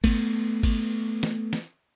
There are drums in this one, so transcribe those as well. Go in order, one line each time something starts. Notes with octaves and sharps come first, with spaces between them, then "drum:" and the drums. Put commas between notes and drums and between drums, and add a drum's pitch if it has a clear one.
A3 B3, drum: kick G#1, cymbal
drum: kick G#1, cymbal
drum: snare
drum: snare